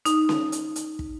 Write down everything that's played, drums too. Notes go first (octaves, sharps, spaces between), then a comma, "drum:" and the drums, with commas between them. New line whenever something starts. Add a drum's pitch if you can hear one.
D#4, drum: hi-hat
drum: snare C#4
drum: hi-hat
drum: hi-hat
drum: kick